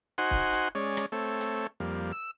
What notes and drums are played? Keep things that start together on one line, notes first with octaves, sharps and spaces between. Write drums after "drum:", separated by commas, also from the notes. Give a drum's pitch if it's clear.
D#4 F#4 C5 F#5 G#5 C6
drum: kick C#1
drum: hi-hat
G#3 C#4 C#5 D5
drum: rim click
A3 C4 A4 C#5
drum: hi-hat
F2 G3 A#3
E6